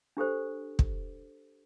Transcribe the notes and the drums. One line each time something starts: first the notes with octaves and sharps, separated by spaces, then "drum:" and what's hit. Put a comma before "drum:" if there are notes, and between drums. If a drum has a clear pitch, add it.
D4 G4 A4 C5
drum: kick